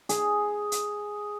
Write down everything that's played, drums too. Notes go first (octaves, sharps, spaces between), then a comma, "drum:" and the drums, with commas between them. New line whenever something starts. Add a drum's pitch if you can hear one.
G#4, drum: hi-hat
drum: hi-hat